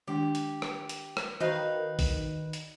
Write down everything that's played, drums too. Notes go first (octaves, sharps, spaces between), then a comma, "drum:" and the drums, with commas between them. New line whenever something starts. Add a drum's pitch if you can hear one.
D#3 G#3 D4 G4
drum: hi-hat
drum: rim click
drum: hi-hat
drum: rim click
D#3 D#4 F#4 B4 C5 D#5 F5
drum: kick A1, open hi-hat
drum: hi-hat